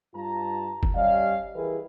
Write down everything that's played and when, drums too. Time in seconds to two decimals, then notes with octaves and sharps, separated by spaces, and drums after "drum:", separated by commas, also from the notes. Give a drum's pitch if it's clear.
0.15 G2 F4 A5 A#5
0.83 drum: kick F#1
0.95 G3 C#4 G4 D5 D#5 F5
1.55 E3 E4 G4 G#4 A#4 B4